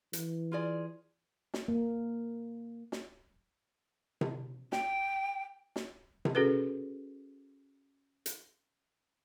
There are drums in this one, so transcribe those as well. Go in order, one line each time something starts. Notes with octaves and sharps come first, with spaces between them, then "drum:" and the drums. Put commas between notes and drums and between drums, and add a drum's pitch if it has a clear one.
E3, drum: hi-hat
F4 G#4 D5
drum: snare
A#3
drum: snare
drum: tom C3
G5, drum: snare
drum: snare
drum: tom C3
C#4 F#4 G#4 A4 B4
drum: hi-hat